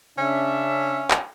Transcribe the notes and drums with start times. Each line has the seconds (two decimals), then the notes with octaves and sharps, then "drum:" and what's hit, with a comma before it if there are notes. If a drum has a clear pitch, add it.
0.18 C#3 C#4 D4 E5
1.11 drum: clap